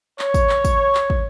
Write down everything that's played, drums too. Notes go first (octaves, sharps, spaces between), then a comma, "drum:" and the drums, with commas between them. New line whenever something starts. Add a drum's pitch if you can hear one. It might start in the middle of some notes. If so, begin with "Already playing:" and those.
C#5, drum: clap
drum: kick, tambourine
drum: clap
drum: kick, tambourine
drum: clap
drum: kick